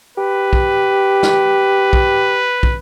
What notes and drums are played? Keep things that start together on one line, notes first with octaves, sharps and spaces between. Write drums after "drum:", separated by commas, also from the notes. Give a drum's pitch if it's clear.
G4 B4
drum: kick
drum: snare
drum: kick
drum: kick